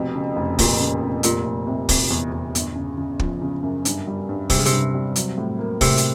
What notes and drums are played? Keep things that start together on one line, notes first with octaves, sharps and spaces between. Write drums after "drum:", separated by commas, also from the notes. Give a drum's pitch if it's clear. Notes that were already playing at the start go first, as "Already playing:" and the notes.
Already playing: F1 F2 B2
C#3
F1
F1 A#2, drum: kick, open hi-hat
C#3
F1
F1 A#2, drum: hi-hat
F1
C3
C3, drum: kick, open hi-hat
E2
E2
G1, drum: hi-hat
C#3
C#3
F3, drum: kick
C#3
F#2
G2, drum: hi-hat
G3
G2
G2 C3, drum: kick, open hi-hat
C#3
C3, drum: hi-hat
G2
G3
F#3, drum: hi-hat
A2
A#3
A2 C3, drum: kick, open hi-hat
drum: hi-hat